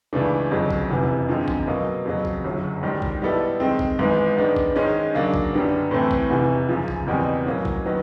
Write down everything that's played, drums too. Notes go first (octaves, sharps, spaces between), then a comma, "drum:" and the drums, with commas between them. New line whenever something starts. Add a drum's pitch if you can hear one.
C#2 C#3 E3 A3 D4
G1 F2 C#3 F#3
drum: kick A#1
F1 E2 C3 E3
F#2 D3 F3 G#3 C4
drum: kick A#1
B2 F#3 A#3
F2 C#3 F#3
drum: kick A#1
G1 F#2 C#3 F#3
G#2 D#3 G3
drum: kick A#1
B2 G3 B3 E4 A4
D#3 G#3 C4
drum: kick A#1
G#1 G#2 E3 G#3 B3
D#3 G#3 B3 D4
drum: kick A#1
G#2 D#3 G#3 C#4
C#3 F#3 A#3 D4
drum: kick A#1
F#2 D3 G3 B3
A2 E3 A3 C4
drum: kick A#1
F1 E2 C3 E3
F#2 C#3 F3
drum: kick A#1
F#1 E2 B2 G3 C4
A2 F#3 A#3 C#4
drum: kick A#1
D#3 F#3 B3